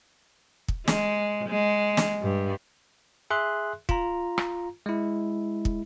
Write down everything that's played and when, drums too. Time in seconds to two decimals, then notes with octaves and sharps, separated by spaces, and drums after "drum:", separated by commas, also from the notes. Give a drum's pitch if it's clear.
0.68 drum: kick
0.87 G#3, drum: snare
1.49 G#3
1.97 drum: snare
2.22 G2
3.30 G#4 E5 C6 F#6
3.89 F4 A#5, drum: kick
4.38 drum: rim click
4.86 G#3 E4
5.65 drum: kick